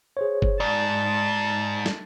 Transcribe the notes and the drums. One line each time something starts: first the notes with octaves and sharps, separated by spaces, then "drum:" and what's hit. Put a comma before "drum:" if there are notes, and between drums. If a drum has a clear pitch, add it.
G#4 C5 C#5
drum: kick F#1
G#2 D5 A5
drum: snare